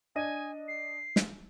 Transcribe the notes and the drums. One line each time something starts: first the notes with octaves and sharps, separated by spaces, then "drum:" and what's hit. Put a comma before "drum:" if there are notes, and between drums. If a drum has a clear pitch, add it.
D4 D#5 G#5 D#7
C7
drum: snare